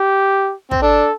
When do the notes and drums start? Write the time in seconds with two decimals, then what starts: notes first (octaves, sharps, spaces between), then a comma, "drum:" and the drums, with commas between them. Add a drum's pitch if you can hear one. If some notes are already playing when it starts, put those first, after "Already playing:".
Already playing: G4
0.71 C4, drum: kick
0.82 D4 A4